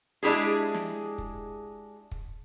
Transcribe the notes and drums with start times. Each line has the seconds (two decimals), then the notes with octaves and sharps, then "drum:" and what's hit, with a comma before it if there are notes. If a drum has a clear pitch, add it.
0.23 G#3 D4 E4 G4 G#4, drum: hi-hat
0.74 drum: snare
1.18 drum: kick
2.11 drum: kick